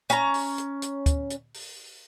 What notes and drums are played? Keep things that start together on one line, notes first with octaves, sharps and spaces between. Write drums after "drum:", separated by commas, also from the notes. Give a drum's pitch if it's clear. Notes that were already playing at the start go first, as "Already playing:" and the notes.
C#4 A#5, drum: hi-hat
drum: open hi-hat
drum: hi-hat
drum: hi-hat
drum: kick, hi-hat
drum: hi-hat
drum: open hi-hat